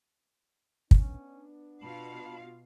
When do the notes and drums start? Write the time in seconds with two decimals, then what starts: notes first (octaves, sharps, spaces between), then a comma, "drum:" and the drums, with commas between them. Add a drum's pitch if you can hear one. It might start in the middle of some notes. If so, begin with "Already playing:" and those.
0.91 B3 C#4 D4, drum: kick
1.82 B2 F4 F5 A5 B5